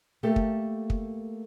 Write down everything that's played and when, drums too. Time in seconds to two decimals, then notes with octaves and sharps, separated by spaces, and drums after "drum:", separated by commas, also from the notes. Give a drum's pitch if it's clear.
0.23 A3 A#3 G4 A4 A#4
0.36 drum: kick
0.90 drum: kick